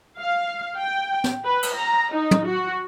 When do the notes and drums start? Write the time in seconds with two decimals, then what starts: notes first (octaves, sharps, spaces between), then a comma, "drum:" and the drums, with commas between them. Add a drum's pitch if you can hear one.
0.20 F5
0.77 G5
1.24 drum: snare
1.44 B4
1.63 drum: cymbal
1.75 A#5
2.11 D#4
2.31 drum: tom
2.47 F#4